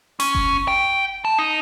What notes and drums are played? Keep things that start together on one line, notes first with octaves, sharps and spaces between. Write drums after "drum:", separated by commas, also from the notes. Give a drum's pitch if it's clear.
C#4, drum: hi-hat
drum: kick F#1
G5
A5
D#4